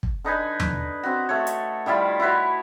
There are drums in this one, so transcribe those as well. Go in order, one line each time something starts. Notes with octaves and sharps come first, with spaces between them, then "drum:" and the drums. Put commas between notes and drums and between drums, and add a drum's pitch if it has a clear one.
drum: kick
D3 D#4 B4 G#5
drum: tom E2
C4 F#4
A3 C#5
drum: hi-hat
D#3 G3 E4 F4
E4 F#4 B4 C#5